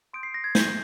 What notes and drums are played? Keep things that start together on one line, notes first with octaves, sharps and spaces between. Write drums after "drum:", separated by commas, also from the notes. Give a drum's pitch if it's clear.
C6 D#6 G6 D7
C7
A#6
G#6
G6, drum: snare